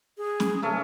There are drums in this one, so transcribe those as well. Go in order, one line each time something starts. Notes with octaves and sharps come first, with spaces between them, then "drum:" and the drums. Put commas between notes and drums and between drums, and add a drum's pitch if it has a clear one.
G#4
drum: snare
C3 A3 C#4